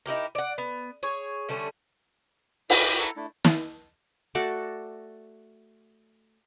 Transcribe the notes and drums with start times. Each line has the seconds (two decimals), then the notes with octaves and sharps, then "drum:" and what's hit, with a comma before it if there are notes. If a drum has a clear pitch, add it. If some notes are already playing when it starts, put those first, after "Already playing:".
0.06 D#4 E4 G4 A#4
0.35 D5 F#5
0.58 B3
1.03 G#4 C#5
1.49 D3 G3 A3 C#4
2.70 E4 G4 D#5 E5, drum: open hi-hat
2.99 E4 A4 F#5 A#5
3.16 A3 D4 E4
3.44 drum: snare
4.35 A3 F#4 A4 D5